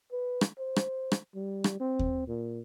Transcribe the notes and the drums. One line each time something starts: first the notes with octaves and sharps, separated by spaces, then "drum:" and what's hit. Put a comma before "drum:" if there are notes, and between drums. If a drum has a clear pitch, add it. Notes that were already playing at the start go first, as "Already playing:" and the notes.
B4
drum: rim click
C5
drum: rim click
drum: rim click
G3
drum: rim click
C4
drum: kick D#2
A#2